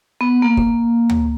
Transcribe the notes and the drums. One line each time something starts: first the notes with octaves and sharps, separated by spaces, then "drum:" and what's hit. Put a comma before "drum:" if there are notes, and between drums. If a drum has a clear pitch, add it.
B3
A#3
drum: kick
drum: tom D2